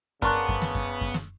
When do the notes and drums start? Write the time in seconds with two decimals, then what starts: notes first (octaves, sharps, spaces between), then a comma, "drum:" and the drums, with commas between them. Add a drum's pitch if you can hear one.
0.22 C#3 B3 D4 A#4 C6 C#6 F#6, drum: kick F#2
0.49 drum: kick F#2
0.62 drum: snare
0.75 drum: kick F#2
1.01 drum: kick F#2
1.14 drum: snare